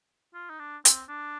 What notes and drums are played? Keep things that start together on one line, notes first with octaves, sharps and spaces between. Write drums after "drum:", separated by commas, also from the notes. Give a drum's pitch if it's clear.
F4
D#4
D4
C4, drum: hi-hat
D4